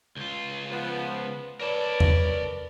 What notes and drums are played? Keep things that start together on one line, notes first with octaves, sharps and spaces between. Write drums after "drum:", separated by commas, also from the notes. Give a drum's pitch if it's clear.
C#2 F4
F3 B3
A#4 B4 C#5 D5 A5
drum: tom E2